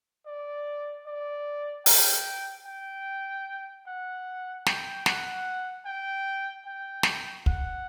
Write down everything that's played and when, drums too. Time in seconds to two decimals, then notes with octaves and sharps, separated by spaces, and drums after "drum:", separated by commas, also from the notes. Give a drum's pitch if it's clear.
0.26 D5
1.07 D5
1.86 G5, drum: open hi-hat
2.66 G5
3.87 F#5
4.66 G5, drum: snare
5.06 F#5, drum: snare
5.86 G5
6.66 G5
7.03 drum: snare
7.46 F#5, drum: kick